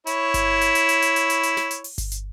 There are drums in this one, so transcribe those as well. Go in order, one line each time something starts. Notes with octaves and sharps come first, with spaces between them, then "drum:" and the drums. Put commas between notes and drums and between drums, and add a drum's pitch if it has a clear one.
E4 C#5, drum: hi-hat
drum: kick G1, hi-hat
drum: hi-hat
drum: hi-hat
drum: hi-hat
drum: hi-hat
drum: hi-hat
drum: hi-hat
drum: hi-hat
drum: snare
drum: hi-hat
drum: open hi-hat
drum: kick G1, hi-hat
drum: hi-hat